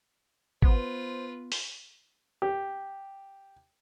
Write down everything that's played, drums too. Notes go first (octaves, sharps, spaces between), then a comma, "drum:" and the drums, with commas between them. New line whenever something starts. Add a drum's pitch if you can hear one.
B3 F4 B4 C5, drum: kick G#1
drum: open hi-hat
G4